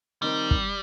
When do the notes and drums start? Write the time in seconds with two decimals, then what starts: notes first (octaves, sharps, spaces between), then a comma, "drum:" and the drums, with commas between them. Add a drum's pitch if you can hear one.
0.22 D#3 G3 C4 D#4
0.51 drum: kick